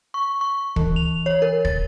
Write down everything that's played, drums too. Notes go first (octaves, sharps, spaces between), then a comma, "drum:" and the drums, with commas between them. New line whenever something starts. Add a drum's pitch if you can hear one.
C#6
C#6
E3, drum: kick
F7
C#5
A#4
A6, drum: kick